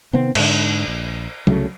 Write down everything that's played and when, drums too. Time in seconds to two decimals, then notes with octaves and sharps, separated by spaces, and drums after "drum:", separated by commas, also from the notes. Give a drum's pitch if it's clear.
0.13 C3 D#3 B3 C4
0.35 G#2 D3, drum: cymbal
0.88 A#1
1.47 C2 C#3 F#3 A3, drum: tom F#3